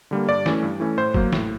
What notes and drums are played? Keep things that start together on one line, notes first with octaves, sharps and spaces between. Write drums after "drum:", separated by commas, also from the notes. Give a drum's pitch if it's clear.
D3 G3 A#3
G2 D5
E3 A3 C#4, drum: snare
G2
E3 A3 C#4
A2 C5
F#3 A#3, drum: kick
A2, drum: snare